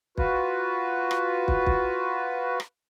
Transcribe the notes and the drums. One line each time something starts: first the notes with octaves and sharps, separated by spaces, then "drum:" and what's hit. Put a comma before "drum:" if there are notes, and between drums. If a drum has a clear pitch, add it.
F4 F#4 B4, drum: kick
drum: rim click
drum: kick
drum: kick
drum: rim click